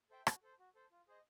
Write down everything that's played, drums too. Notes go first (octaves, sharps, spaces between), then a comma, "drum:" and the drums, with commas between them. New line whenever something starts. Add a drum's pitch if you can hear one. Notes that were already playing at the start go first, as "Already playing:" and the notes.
A4 C5 E5 G5
F#4, drum: rim click
A4 C5
F#4
A4 C5
F4
G#4 C5 D#5